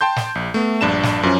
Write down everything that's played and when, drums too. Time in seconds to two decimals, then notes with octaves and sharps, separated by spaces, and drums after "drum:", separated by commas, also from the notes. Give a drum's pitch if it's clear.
0.01 G5 A5 C6 G6
0.16 drum: snare
0.35 A#1
0.54 A3 B3
0.81 A#1 G2 D4 A5 E7
1.03 drum: snare
1.23 F#2 F3 C#4